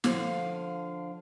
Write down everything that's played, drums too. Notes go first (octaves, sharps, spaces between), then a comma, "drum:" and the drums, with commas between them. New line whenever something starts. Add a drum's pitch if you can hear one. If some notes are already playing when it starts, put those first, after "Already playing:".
D3 F3 F5, drum: snare